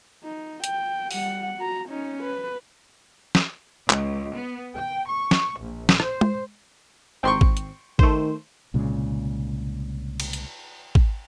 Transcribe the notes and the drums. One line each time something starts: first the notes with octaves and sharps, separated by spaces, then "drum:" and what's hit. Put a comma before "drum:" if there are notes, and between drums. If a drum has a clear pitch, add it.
D#4
G5, drum: hi-hat
G3 F#5, drum: open hi-hat
F#4 A#5
C#4 D#4
B4
drum: snare
C#2, drum: clap
B3
G5
C#6
drum: snare
A#1
drum: snare
C5, drum: rim click
drum: tom G#3
G#1 C4 G5 C6 C#6
drum: kick
drum: hi-hat
D#3 A3 C5, drum: kick
C2 A#2 C#3 G#3
drum: cymbal
drum: hi-hat
drum: kick